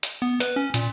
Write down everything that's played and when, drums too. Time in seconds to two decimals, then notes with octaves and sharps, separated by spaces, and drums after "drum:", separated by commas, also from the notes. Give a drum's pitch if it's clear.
0.03 drum: hi-hat
0.22 B3
0.40 B4, drum: hi-hat
0.56 C#4
0.74 A#2, drum: hi-hat